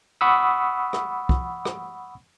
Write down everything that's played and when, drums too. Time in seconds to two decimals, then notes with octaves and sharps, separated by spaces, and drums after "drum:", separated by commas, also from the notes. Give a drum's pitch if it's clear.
0.21 F#5 B5 C#6 D#6 E6
0.93 drum: rim click
1.29 drum: kick
1.65 drum: rim click